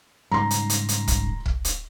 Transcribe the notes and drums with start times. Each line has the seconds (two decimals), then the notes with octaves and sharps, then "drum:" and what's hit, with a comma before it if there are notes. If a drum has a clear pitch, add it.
0.32 G#2 C#3 G3 A#5 C6
0.51 drum: hi-hat
0.70 drum: hi-hat
0.89 drum: hi-hat
1.08 drum: kick, hi-hat
1.46 drum: kick
1.65 drum: hi-hat